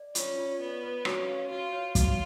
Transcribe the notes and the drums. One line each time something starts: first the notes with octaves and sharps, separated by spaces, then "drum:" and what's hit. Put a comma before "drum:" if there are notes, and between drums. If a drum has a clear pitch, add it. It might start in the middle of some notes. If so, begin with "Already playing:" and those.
Already playing: D5
C#4 F4, drum: hi-hat
F4
B3 D5
B4
C#4 F#4, drum: rim click
F5
F4 F#4
C#5
F4 F#4, drum: kick, hi-hat